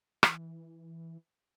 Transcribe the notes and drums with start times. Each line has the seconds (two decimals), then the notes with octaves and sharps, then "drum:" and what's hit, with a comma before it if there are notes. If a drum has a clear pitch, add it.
0.23 E3, drum: rim click